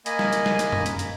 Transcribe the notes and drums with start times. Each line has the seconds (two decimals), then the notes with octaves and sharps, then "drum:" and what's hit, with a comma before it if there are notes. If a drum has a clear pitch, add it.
0.06 A#3 D#5 G#5 B5, drum: hi-hat
0.19 drum: snare
0.33 drum: hi-hat
0.46 drum: snare
0.59 drum: hi-hat
0.72 drum: tom F#2
0.86 drum: hi-hat
0.99 drum: hi-hat